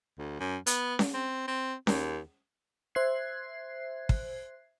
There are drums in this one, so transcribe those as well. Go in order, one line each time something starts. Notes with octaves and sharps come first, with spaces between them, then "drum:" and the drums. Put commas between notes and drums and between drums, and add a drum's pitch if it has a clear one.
D2
F#2
B3, drum: hi-hat
drum: snare C#4
C4
C4
D#2, drum: snare C#4
C5 E5 F#6 G#6 C7
drum: kick